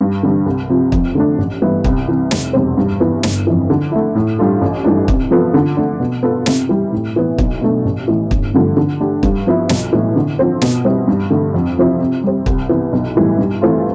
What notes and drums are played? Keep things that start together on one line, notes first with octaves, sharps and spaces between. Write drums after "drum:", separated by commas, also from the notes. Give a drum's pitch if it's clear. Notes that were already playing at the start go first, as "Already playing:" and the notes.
G2
D3 G3 D4
C2
C3 F3
F2, drum: kick
D3 A3 D4
A1
G2 E3 B3 E4
C2, drum: kick
C3 E3
F1, drum: snare
E2 B2 G3 C4
G2
E3 B3
G1, drum: snare
F2 E3
D3
A3 E4
A2
G3 D4 F4 A4
A1
G2 E3 A3 D4
C3, drum: kick
F3 B3 F4 A4
D3
A3 D4
B2
B3 F4 A4
C3, drum: snare
E3 G3
A2
E3 B3
B1, drum: kick
B2 A3 D4
A1
A2 E3
G1, drum: kick
G2 D3 F3 A3
D3
A3 D4 G4
G2, drum: kick
F3 B3 E4 B4
B1, drum: snare
A2 E3
D3
F3 C4
B2, drum: snare
G3 C4 E4
G2
D3 A3
F2
C3 F3 C4 E4
C3
G3 C4
C2, drum: kick
C3 E3 B3
B1
A2 E3 G3
G2
E3 A3 C4 F4